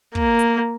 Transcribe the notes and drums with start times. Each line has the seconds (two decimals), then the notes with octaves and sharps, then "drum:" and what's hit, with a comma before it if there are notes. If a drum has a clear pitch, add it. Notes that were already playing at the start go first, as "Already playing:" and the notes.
0.15 A#3, drum: kick
0.39 drum: hi-hat